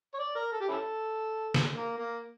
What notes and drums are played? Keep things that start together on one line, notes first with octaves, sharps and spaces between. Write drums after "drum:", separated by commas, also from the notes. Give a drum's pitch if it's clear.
C#5
D5
A#4
A4
G4
C#4 E4 A4
drum: snare
A#3
A#3